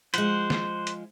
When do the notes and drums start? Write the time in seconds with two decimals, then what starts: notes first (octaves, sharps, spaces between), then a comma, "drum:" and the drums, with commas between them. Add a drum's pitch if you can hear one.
0.14 F3 G#3 C5 F#5, drum: hi-hat
0.50 drum: snare
0.87 drum: hi-hat